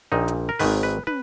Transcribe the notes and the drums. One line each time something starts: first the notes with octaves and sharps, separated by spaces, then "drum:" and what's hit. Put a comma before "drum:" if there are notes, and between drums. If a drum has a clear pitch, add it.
A#1 A#2 D#4
drum: hi-hat
A#4
G#1 G#2 D#3 B4, drum: open hi-hat
B4
B4, drum: tom